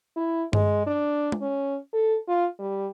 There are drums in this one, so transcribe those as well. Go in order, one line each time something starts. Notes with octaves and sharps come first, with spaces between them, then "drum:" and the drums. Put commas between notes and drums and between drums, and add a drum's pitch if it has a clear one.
E4
G#3, drum: tom G2
D4
drum: tom G#3
C#4
A4
F4
G3